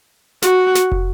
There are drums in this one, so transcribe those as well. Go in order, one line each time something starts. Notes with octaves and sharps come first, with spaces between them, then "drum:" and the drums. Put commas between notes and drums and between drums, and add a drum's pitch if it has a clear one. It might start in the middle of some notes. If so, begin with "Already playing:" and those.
F#4, drum: snare
drum: snare
drum: kick